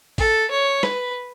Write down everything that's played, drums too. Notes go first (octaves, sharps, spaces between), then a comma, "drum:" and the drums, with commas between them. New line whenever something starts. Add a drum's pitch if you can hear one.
A4, drum: kick A1, open hi-hat
C#5
B4, drum: snare